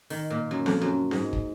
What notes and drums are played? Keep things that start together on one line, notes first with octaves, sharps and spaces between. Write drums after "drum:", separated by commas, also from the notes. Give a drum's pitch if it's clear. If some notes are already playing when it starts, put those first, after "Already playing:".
D#3, drum: open hi-hat
A#2
F#2
F2, drum: snare C4
F#2
G#2, drum: snare C4
drum: kick